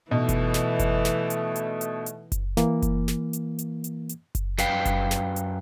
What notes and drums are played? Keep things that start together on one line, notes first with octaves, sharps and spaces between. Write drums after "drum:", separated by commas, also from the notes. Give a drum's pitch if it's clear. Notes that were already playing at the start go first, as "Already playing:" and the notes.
B2 E3 A3 D#4
drum: kick F#1, hi-hat
drum: snare
drum: kick F#1, hi-hat
drum: snare
drum: hi-hat
drum: hi-hat
drum: hi-hat
drum: hi-hat
drum: kick F#1, hi-hat
E3 A#3, drum: snare
drum: kick F#1, hi-hat
drum: snare
drum: hi-hat
drum: hi-hat
drum: hi-hat
drum: hi-hat
drum: kick F#1, hi-hat
F#2 B4 F5 G5, drum: snare
drum: kick F#1, hi-hat
drum: snare
drum: hi-hat